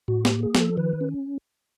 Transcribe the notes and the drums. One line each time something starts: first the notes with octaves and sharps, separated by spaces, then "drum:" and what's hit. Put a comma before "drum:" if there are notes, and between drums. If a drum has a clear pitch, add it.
A2 F#4
G4, drum: snare
A#3
G#4
F3, drum: snare
A4
D#3 B4
C#4